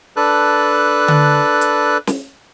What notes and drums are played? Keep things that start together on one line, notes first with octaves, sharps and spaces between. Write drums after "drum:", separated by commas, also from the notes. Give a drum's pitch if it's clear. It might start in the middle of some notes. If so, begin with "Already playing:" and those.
D4 A4 B4 F#6
drum: tom D3
drum: hi-hat
drum: snare